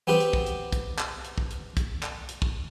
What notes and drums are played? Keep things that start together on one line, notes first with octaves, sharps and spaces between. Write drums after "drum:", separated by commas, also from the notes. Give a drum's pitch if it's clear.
B3 C4 G4 B4
drum: hi-hat
drum: kick
drum: hi-hat
drum: kick, hi-hat
drum: clap
drum: hi-hat
drum: kick
drum: hi-hat
drum: kick, hi-hat
drum: clap
drum: hi-hat
drum: kick